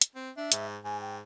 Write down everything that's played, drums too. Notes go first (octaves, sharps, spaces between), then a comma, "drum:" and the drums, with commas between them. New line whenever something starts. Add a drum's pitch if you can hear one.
drum: hi-hat
C4
D4 E5
G#2, drum: hi-hat
G#2 G#5
G5